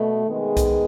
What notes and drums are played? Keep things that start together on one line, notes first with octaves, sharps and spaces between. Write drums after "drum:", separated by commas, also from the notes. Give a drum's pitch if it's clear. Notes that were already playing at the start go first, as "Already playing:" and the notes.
Already playing: B2 A3
D#3 G#3 B3 G#4
drum: kick B1, hi-hat